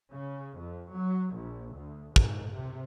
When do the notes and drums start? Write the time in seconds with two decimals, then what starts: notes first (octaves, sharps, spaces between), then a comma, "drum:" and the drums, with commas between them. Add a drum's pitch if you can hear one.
0.12 C#3
0.59 F2
0.93 F#3
1.35 A#1
1.77 D2
2.16 G#2, drum: kick
2.51 C3